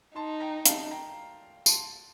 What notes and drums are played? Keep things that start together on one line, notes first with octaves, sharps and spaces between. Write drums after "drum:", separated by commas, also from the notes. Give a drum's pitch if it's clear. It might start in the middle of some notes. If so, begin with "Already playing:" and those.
D#4 A5 C6
G5 A#5
F5 A5, drum: hi-hat
G5 A#5
A5 C6, drum: tambourine